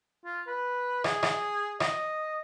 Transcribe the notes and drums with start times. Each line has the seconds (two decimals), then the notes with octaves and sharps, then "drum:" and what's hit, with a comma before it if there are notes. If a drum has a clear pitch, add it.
0.25 F4
0.47 B4
1.04 G#4, drum: rim click
1.23 drum: rim click
1.80 D#5, drum: rim click